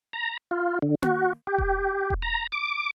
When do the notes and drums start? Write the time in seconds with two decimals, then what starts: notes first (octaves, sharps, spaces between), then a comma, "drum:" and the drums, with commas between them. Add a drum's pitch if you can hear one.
0.13 A#5
0.51 F4
0.82 D3
1.02 F#4, drum: tom A#3
1.47 G4
1.58 drum: kick E1
2.10 drum: kick E1
2.22 A#5
2.52 D6